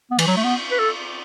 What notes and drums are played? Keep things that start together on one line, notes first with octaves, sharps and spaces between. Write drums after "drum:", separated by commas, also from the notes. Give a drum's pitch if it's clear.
B3
E3, drum: cymbal
F#3
A3
B3
B4
A4